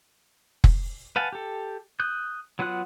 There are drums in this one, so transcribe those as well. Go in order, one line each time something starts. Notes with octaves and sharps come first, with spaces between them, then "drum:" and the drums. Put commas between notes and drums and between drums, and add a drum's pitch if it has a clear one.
drum: kick F1
B4 F5 F#5 G#5 A5
G4 A4
D#6 F#6 G6
F#3 B3 F4 F#5 F#6